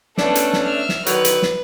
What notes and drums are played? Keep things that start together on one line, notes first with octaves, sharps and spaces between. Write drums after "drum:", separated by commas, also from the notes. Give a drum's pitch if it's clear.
A3 B3 C#4 D4 A4, drum: snare
drum: hi-hat
drum: snare
E5 F6
drum: snare
D3 D#3 F#3 B4, drum: hi-hat
drum: hi-hat
drum: snare